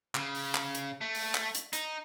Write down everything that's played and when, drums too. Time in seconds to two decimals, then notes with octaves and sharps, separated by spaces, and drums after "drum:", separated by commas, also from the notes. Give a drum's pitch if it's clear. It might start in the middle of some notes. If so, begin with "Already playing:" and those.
0.15 C#3, drum: clap
0.35 drum: open hi-hat
0.55 drum: clap
0.75 drum: hi-hat
1.01 A3
1.15 drum: open hi-hat
1.35 drum: clap
1.55 drum: hi-hat
1.73 D#4, drum: hi-hat